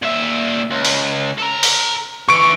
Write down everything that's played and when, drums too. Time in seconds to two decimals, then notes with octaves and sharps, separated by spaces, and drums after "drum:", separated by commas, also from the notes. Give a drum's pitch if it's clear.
0.02 A#2 E5
0.71 C#2
0.85 drum: open hi-hat
1.38 A4 A#5
1.63 drum: open hi-hat
2.29 D3 E3 C#6 D7